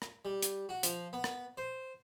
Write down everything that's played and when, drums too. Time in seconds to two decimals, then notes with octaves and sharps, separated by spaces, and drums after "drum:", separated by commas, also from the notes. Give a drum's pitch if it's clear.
0.02 drum: rim click
0.25 G3
0.42 drum: hi-hat
0.69 F#4
0.83 F3, drum: hi-hat
1.13 B3
1.24 drum: rim click
1.57 C5